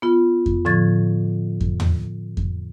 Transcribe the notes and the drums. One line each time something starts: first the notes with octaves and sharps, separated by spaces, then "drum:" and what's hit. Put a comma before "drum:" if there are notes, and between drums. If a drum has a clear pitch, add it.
B3 F4
drum: kick F2
A2 D3 F3 C#6 G#6 A6
drum: kick F2
drum: tom
drum: kick F2